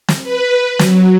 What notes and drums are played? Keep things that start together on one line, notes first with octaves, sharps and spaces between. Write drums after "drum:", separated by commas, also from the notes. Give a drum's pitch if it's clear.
drum: snare
B4
F#3, drum: snare